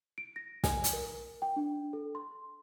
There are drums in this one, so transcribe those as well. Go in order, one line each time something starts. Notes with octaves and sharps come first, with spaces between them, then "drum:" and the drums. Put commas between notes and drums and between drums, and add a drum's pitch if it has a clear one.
D7
A#6
G#5, drum: snare
drum: hi-hat
A#4
G5
D4
A4
C6